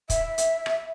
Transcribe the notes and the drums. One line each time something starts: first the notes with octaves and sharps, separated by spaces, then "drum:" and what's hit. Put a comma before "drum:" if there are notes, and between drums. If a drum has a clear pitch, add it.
E5, drum: kick, hi-hat
drum: hi-hat
drum: rim click